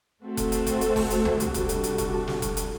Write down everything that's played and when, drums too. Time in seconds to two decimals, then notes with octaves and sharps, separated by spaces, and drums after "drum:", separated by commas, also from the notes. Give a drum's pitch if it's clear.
0.23 A3 C4 F#4 A4
0.37 drum: kick F1, hi-hat
0.52 drum: hi-hat
0.67 drum: kick F1, hi-hat
0.81 drum: hi-hat
0.96 drum: kick F1, open hi-hat
1.11 drum: hi-hat
1.25 drum: tom C#2
1.40 C3 G3 D4 F#4 A4, drum: hi-hat
1.54 drum: kick F1, hi-hat
1.69 drum: hi-hat
1.84 drum: hi-hat
1.98 drum: kick F1, hi-hat
2.28 drum: snare
2.42 drum: kick F1, hi-hat
2.57 drum: hi-hat